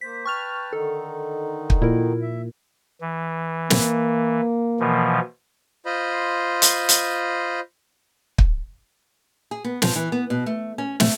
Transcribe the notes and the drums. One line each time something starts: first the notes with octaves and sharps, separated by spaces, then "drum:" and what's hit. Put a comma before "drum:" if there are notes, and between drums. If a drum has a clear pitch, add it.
A#3 C5 B6
B4 G5 A5 C#6 F6 F7
D3 D#3 D#4 A4
drum: kick
A#2 E4 A#4
E5
E3
A#3, drum: snare
B2 E3 F3
F4 C5 D#5 B5
drum: hi-hat
drum: hi-hat
drum: kick
G#4
B3
F3, drum: snare
E3
B3
B2
A3
C#4
A3, drum: snare